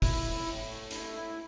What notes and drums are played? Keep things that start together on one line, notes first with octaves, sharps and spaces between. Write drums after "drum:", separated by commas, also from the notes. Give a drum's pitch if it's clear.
E4, drum: kick, open hi-hat
A2
A2
A3
E4, drum: hi-hat
A2